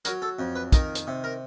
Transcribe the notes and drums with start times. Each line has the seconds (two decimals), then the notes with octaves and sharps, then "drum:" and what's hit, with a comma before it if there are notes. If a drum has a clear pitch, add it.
0.05 F#3 A#4, drum: hi-hat
0.22 A4
0.39 F2
0.55 B4
0.72 D#3 A#4, drum: kick, hi-hat
0.95 drum: hi-hat
1.07 C3
1.24 A#4